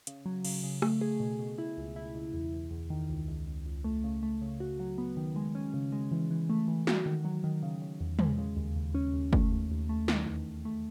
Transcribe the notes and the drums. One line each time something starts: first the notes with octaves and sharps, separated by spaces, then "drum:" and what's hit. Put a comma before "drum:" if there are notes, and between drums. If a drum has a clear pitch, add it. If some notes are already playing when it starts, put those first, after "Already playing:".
C#3, drum: hi-hat
F#3
C#3, drum: cymbal
C#3
A3, drum: rim click
G#4
B2
B2
E4
C#2
E4
C#2
E2
E2
E2
D#3
C#2
C#2
C#2
C#2
A3
C#3
A3
C#3
F#4
F#3
B3
D#3
G#3
C#4
C#3
G#3
E3
E3
A3
E3
F#4, drum: snare
D#3
F#3
D#3
C#3
C#3
E2
G#3, drum: tom
C#3
D#2
D#2
C#4
D#2
A3, drum: kick
D#2
D#2
A3
D#3, drum: snare
E2
E2
A3